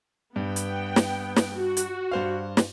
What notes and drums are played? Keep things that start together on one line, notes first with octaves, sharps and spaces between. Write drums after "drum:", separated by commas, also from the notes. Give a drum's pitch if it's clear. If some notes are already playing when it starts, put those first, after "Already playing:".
G2 B3 G5
drum: hi-hat
drum: snare
drum: snare
F#4
drum: hi-hat
G2 C5 F5
drum: snare